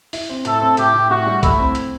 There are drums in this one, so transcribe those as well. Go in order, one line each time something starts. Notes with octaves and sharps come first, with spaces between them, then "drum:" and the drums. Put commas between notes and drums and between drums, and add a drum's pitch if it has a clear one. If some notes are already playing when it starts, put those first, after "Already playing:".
E4, drum: open hi-hat
C4
A2 A4, drum: hi-hat
C4
A2 G4, drum: hi-hat
A2
A2 F#4
G3
A3 E4, drum: kick B1, hi-hat
C4
drum: hi-hat